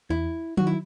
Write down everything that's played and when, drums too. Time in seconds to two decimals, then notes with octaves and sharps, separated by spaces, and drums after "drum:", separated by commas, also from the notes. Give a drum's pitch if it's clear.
0.10 E2 E4
0.57 D#3 F#3 F#4, drum: tom
0.67 E4